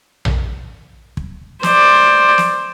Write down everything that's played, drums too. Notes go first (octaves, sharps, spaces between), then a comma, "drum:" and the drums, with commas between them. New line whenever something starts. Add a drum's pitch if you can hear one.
drum: tom A#1
drum: kick
C5 D5, drum: snare
drum: snare